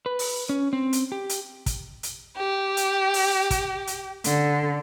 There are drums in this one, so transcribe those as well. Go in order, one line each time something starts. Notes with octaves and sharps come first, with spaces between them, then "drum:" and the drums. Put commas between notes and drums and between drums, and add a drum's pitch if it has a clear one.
B4
drum: open hi-hat
C#4
C4
drum: hi-hat
G4
drum: hi-hat
drum: kick, hi-hat
drum: hi-hat
G4
drum: hi-hat
drum: open hi-hat
drum: kick, hi-hat
drum: hi-hat
D3, drum: hi-hat